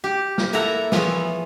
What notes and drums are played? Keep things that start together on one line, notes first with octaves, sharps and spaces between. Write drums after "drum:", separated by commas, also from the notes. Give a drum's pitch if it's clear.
G4
drum: snare
A#3 E4 A4 F#5 A#5
E3 F3 B3 E4 G#4 C#5, drum: snare